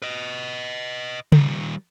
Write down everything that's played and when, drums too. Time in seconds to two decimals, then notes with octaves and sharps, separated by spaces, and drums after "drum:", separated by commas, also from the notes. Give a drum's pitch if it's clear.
0.02 B4 D#5
1.32 D#3 G3, drum: tom C#3